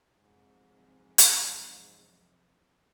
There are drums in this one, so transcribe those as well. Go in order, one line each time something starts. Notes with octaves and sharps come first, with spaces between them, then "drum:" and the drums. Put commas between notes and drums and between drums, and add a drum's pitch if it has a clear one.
F2 G#2 C3 F#3
drum: hi-hat